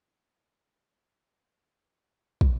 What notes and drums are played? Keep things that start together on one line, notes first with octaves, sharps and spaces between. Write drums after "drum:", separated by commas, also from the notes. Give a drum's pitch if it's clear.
A#3
B1
E3
A#2
drum: kick